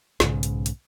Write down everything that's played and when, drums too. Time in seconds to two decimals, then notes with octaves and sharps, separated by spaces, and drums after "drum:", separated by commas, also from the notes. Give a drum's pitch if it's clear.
0.20 B1 G#2 C#3, drum: snare
0.43 drum: hi-hat
0.66 drum: hi-hat